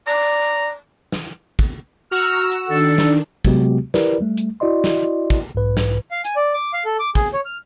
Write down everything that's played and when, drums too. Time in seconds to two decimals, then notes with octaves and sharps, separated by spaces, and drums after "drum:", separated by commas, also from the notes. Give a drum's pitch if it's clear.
0.07 D5 A#5
1.12 drum: snare
1.59 drum: kick, hi-hat
2.11 F#4 A#5 E6 F6 A#6
2.52 drum: hi-hat
2.68 D#3 D4 A4
2.98 drum: snare
3.45 C3 F#3 G#3 B3 F#4 G4, drum: kick, hi-hat
3.94 E4 G4 A#4 B4 D5, drum: snare
4.20 G3 A3
4.37 drum: hi-hat
4.60 E4 F#4 D5 D#5 C6
4.84 drum: snare
5.30 drum: kick, hi-hat
5.55 B1 G#2 B4
5.77 drum: snare
6.11 F5
6.25 G#5, drum: hi-hat
6.36 D5
6.54 D6
6.73 F5
6.85 A4
7.00 D6
7.15 G#4, drum: kick, hi-hat
7.33 C#5
7.45 F6